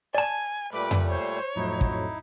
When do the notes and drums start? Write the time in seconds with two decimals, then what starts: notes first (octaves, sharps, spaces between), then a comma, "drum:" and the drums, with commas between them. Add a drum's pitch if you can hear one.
0.15 D5 G#5 A5
0.73 A#2 G3 A3 B4 D6
0.91 drum: tom F2
1.10 C5 C#5
1.56 F2 A2 F#3 D#4 E4
1.81 drum: kick